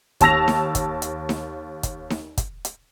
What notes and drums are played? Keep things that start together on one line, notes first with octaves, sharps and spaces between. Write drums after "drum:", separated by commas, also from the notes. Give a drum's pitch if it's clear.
D#2 A5 E6 A#6 F7, drum: kick, hi-hat
drum: snare D#4
drum: kick, hi-hat
drum: hi-hat
drum: snare D#4
drum: kick, hi-hat
drum: snare D#4
drum: kick, hi-hat
drum: hi-hat